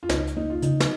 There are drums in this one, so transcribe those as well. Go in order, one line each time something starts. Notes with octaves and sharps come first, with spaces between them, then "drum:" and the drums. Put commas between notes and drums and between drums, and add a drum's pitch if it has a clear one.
F4
C#2 D#4, drum: snare
drum: hi-hat
A#3 D#4
F4
C#3 D#4, drum: hi-hat
drum: snare